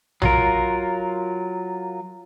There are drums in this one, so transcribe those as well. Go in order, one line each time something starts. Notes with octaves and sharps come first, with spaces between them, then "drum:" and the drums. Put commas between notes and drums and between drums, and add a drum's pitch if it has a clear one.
F#3 F4 A#4, drum: tom A#1